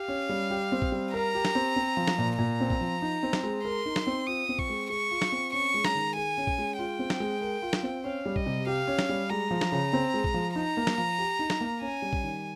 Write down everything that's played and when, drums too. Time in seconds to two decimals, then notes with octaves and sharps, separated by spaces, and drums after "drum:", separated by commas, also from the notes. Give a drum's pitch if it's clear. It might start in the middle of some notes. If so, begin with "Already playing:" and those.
Already playing: G4 F5
0.08 C#4
0.29 G3
0.51 G4
0.72 C4
0.82 drum: kick A#1
0.92 G3
1.13 A#4 A#5
1.35 G4
1.45 drum: snare
1.55 C4
1.76 C4
1.97 F3
2.07 drum: snare
2.18 A#2
2.39 A#2 A#5
2.60 C4
2.70 drum: kick A#1
2.81 F3
3.02 D#4
3.23 C4
3.33 drum: snare
3.44 G#3
3.65 A#4 C6
3.86 D#4
3.96 drum: snare
4.07 C4
4.27 F4 D#6
4.49 C4
4.59 C#6, drum: kick A#1
4.69 G#3
4.90 G#4 C#6
5.11 F4
5.22 drum: snare
5.32 C4
5.53 C#4 C#6
5.74 G#3
5.85 A#5, drum: snare
5.95 D#3
6.16 G#4 G#5
6.37 C#4
6.47 drum: kick A#1
6.58 G#3
6.78 F4 G5
6.99 C4
7.10 drum: snare
7.20 G#3
7.42 A#4
7.62 F4
7.73 drum: snare
7.83 C4
8.04 C#4 F5
8.26 G3
8.36 D#5, drum: kick A#1
8.46 C3
8.67 G4 F5
8.88 C#4
8.99 drum: snare
9.09 G3
9.30 G#3 A#5
9.51 F3
9.61 drum: snare
9.72 C#3
9.93 C4
10.14 G#3
10.24 drum: kick A#1
10.34 F3
10.56 D#4 A#5
10.77 A#3
10.87 drum: snare
10.98 F3
11.19 G4
11.39 D#4
11.50 drum: snare
11.61 A#3
11.82 C#4 G#5
12.02 G3
12.13 drum: kick A#1
12.23 D#3